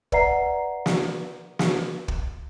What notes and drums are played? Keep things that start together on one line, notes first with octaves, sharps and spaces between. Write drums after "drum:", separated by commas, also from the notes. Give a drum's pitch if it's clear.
B4 D5 E5 F#5 A#5 C7, drum: kick
drum: snare
drum: snare
drum: kick